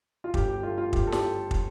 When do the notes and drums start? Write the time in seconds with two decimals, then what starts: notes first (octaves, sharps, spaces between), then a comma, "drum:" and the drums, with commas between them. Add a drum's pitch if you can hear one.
0.24 F4
0.34 G1 G4, drum: kick
0.48 G4
0.63 A3 F4
0.78 F4
0.93 G1 G4, drum: kick
1.07 A4
1.12 G4, drum: snare
1.51 drum: kick